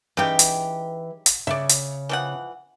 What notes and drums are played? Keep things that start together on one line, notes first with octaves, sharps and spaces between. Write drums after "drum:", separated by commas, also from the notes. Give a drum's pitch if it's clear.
C#3 E3 D#4 G4 G5
drum: hi-hat
drum: hi-hat
C#3 D5 E5
drum: hi-hat
E3 F3 F#5